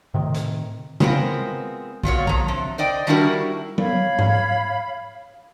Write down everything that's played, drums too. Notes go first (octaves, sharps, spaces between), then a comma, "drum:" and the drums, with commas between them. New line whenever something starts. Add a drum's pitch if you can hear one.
A2 C3 D#3
drum: hi-hat
G#3 B3 C4 F4 A#4, drum: tom C3
A#2 F#3 F4 C#5, drum: kick
F3 A#5, drum: kick
C3
C5 D5 D#5 G5
D#3 G3 D4 E4 F#4 A#4
C#5 F5 B5, drum: tom F#3
drum: tom G#2